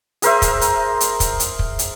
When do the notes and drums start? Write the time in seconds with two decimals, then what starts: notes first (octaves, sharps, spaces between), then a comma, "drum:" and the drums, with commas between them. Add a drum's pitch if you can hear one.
0.22 G#4 A#4 C5 E5, drum: hi-hat
0.42 drum: kick, hi-hat
0.61 drum: hi-hat
1.01 drum: hi-hat
1.20 drum: kick, hi-hat
1.40 drum: hi-hat
1.59 drum: kick
1.79 drum: hi-hat